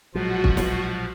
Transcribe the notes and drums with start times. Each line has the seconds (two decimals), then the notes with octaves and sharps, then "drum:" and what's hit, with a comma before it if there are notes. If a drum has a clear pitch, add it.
0.14 A#1 B2 F3 F#3 G#3 F4 F#4
0.44 drum: kick
0.57 drum: snare